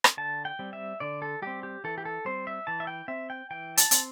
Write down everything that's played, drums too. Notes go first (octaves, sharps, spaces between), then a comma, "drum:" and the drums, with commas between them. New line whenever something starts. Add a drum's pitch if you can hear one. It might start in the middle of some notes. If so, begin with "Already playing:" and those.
drum: rim click
D3 A5
G5
G3 C4
E5
D3 D5
A4
G3 C4 G4
G4
E3 A4
G4
A4
G3 C4 C5
E5
E3 A5
E5
G5
C4 E5
G5
E3 G5
A5, drum: hi-hat
C4, drum: hi-hat